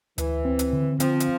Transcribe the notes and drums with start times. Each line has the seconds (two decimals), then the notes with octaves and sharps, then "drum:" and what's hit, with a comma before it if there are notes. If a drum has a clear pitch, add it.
0.18 D2 E3, drum: hi-hat
0.45 C4
0.59 drum: hi-hat
0.73 D3
1.00 F3 C4, drum: hi-hat
1.20 drum: hi-hat